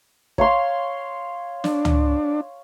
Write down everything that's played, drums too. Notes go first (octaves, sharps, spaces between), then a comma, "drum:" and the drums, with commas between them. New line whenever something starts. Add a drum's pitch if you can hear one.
C#5 F5 C6, drum: kick
D4, drum: snare
drum: tom C#2